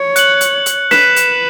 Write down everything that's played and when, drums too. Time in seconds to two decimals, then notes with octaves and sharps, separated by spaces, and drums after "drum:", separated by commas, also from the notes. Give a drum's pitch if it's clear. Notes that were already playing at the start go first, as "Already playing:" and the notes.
Already playing: C#5
0.16 F#6 C#7 F#7, drum: hi-hat
0.41 drum: hi-hat
0.66 drum: hi-hat
0.91 B4 F#6 B6 E7, drum: snare
1.16 drum: hi-hat